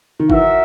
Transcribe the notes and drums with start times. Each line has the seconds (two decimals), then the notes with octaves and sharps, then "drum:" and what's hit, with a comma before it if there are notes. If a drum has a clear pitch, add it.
0.20 D#3
0.30 E3 F#4 A#4 E5, drum: kick G1